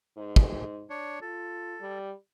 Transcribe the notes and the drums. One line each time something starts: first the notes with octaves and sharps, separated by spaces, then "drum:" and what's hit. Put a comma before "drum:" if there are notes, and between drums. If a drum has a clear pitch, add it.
G#2
drum: kick
D4 C#5
F4 A4
G3